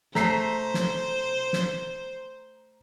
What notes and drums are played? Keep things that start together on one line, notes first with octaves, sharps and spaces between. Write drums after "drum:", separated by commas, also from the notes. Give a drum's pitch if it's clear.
A3 C5 A#5 B6 C7, drum: snare
drum: snare
drum: snare